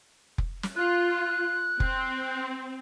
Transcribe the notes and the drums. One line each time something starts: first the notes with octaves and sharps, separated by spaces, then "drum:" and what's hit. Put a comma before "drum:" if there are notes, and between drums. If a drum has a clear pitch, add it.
drum: kick F1
drum: snare
F4 F#6
C4, drum: kick F1